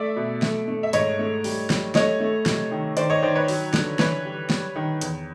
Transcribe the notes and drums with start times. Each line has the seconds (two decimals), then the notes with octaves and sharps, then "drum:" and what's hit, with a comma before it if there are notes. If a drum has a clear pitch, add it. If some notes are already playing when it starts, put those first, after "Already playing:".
Already playing: A3 D5 E5
0.16 B2
0.42 A3, drum: snare
0.68 A3
0.83 E5
0.93 G#2 C#5 D#5, drum: hi-hat
1.19 A3
1.44 G3, drum: open hi-hat
1.70 G3, drum: snare
1.95 A3 C#5 D#5, drum: snare
2.20 A3
2.46 C3, drum: snare
2.71 D#3
2.97 D#3 C5 D5, drum: hi-hat
3.10 C#5 D#5
3.22 D#3 C5 D5
3.35 B4 C#5
3.48 F#3, drum: open hi-hat
3.74 D3, drum: snare
3.99 E3 B4 C#5, drum: snare
4.25 G3
4.50 G3, drum: snare
4.76 D#3
5.01 E2, drum: hi-hat